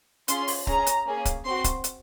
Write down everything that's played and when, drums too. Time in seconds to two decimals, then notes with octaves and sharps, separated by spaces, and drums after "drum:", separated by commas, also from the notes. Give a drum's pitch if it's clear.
0.28 C#4 F4 G#4 C6, drum: hi-hat
0.48 drum: open hi-hat
0.67 C#4 G#4 A#5, drum: kick C#1
0.86 drum: hi-hat
1.06 A#3 C#4 G#4
1.25 drum: kick C#1, hi-hat
1.45 C4 F#4 C6
1.64 drum: kick C#1, hi-hat
1.84 drum: hi-hat